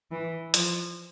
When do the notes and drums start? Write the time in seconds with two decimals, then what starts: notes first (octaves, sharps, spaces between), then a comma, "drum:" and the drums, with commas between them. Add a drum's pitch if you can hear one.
0.11 E3
0.54 F3, drum: hi-hat